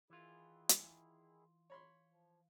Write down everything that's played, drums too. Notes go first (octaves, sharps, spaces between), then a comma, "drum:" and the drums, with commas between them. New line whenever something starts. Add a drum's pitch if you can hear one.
D#3 E3 E4 F4 G#4
drum: hi-hat
C#5 B5 C6
F3